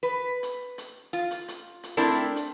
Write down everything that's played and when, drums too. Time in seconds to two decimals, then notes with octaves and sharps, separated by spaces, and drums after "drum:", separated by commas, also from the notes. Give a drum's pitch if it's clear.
0.03 B4
0.43 drum: hi-hat
0.78 drum: hi-hat
1.13 F4
1.31 drum: hi-hat
1.48 drum: hi-hat
1.83 drum: hi-hat
1.97 A3 C4 D4 E4 A#4
2.36 drum: hi-hat